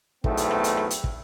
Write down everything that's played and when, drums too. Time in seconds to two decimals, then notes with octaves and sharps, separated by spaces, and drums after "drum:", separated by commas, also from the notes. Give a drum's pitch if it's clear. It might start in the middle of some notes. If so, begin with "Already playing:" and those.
0.24 B1 E2 A3 B3 C4, drum: kick
0.37 drum: hi-hat
0.51 drum: rim click
0.64 drum: hi-hat
0.77 drum: rim click
0.90 drum: hi-hat
1.04 drum: kick